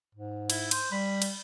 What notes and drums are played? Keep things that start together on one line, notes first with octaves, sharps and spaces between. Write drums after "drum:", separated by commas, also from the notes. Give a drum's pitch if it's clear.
G#2
E4, drum: cymbal
C5, drum: cymbal
G3 B5
drum: cymbal